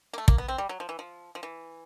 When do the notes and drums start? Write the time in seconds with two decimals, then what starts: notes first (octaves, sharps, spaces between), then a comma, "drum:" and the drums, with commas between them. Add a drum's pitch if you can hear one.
0.13 A#3
0.18 A3
0.28 A#3, drum: kick
0.38 B3
0.48 C4
0.58 G3
0.69 F#3
0.80 F3
0.89 E3
0.99 F3
1.35 F3
1.43 E3